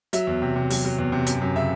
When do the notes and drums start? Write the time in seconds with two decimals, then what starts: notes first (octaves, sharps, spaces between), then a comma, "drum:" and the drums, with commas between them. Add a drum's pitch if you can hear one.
0.13 F#3 E5, drum: hi-hat
0.27 E2
0.42 C3
0.56 C3
0.70 F#3, drum: open hi-hat
0.85 F#3
0.98 E2
1.12 C3
1.26 F#2, drum: hi-hat
1.42 F#2
1.56 C#3 E5